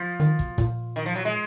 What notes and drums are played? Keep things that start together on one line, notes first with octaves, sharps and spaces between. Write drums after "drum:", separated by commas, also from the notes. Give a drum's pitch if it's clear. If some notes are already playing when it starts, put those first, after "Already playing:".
Already playing: F3
D#3, drum: hi-hat
B2, drum: kick
A#2, drum: kick, hi-hat
D#3
F3
F#3
G#3